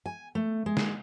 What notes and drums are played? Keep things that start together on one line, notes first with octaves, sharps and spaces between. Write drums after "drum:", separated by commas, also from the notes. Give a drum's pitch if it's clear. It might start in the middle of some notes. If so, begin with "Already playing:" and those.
G#5
A3
G#3
drum: snare